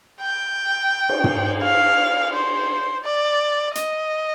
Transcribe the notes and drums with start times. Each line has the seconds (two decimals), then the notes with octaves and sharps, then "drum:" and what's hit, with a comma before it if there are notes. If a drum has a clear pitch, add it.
0.21 G5
1.09 drum: cymbal
1.24 drum: tom
1.63 F5
2.33 C5
3.05 D5
3.75 D#5, drum: hi-hat